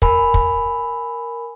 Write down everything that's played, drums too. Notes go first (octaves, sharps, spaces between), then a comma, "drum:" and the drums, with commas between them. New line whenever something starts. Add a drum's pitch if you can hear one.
A#4 G#5 B5, drum: kick
drum: kick